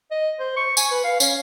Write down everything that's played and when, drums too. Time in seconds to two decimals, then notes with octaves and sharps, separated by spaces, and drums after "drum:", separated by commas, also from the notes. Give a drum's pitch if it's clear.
0.11 D#5
0.39 C5
0.56 C#6
0.77 G#5, drum: tambourine
0.91 B4
1.04 F5
1.20 C#4, drum: tambourine